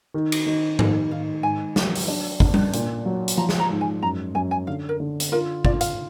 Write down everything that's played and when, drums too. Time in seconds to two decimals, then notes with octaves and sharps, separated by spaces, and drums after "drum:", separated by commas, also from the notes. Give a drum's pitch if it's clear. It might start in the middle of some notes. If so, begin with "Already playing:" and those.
0.14 D#3
0.32 drum: cymbal
0.46 D#3
0.79 D#3 D#5, drum: tom G#2
1.11 D#3 F5
1.43 G#2 G#5
1.76 F#3, drum: snare
1.95 drum: open hi-hat
2.08 D4
2.40 D4, drum: kick
2.54 drum: tom G3
2.73 A#2, drum: hi-hat
3.06 F#3
3.28 drum: hi-hat
3.37 F3 A#5
3.49 drum: snare
3.59 A#5
3.70 G#2
3.81 G#5
4.02 F#2 A#5
4.35 F#2 G#5
4.51 G#5
4.67 D3 F5
4.89 A#4
5.00 D3
5.20 drum: hi-hat
5.32 F4 A#4
5.65 F4 D5, drum: kick
5.81 F5, drum: hi-hat